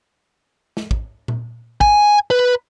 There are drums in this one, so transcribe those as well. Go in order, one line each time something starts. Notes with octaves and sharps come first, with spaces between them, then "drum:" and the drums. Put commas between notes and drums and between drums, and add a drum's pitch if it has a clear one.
drum: snare
drum: kick
drum: tom A#2
G#5, drum: kick
B4